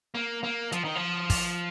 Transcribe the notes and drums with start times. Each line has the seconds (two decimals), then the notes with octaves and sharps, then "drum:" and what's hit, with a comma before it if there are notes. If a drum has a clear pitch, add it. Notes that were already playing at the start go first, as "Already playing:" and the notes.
0.15 A#3
0.44 A#3
0.72 F3, drum: hi-hat
0.84 D#3
0.95 F3
1.30 drum: kick, open hi-hat